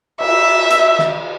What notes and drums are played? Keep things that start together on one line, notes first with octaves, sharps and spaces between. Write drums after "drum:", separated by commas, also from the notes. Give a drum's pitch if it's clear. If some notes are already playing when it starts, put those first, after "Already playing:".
E5, drum: cymbal
drum: hi-hat
drum: snare